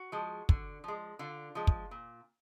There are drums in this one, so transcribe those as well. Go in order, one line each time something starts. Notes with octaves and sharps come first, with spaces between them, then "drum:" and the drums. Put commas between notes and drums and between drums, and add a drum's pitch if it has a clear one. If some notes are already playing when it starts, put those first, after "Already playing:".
Already playing: F#4
F3 G#3
D3, drum: kick
F3 G#3
D3 F4
F3 G#3
drum: kick
A#2